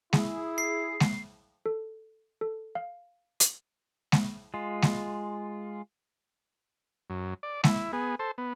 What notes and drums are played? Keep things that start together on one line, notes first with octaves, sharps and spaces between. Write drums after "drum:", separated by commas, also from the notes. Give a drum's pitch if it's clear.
E4 G#4, drum: snare G#3
C7
drum: snare G#3
A4
A4
F5
drum: hi-hat
drum: snare G#3
G#3 F4
drum: snare G#3
F#2
D5
E4, drum: snare G#3
B3 G#4
A4 C5
B3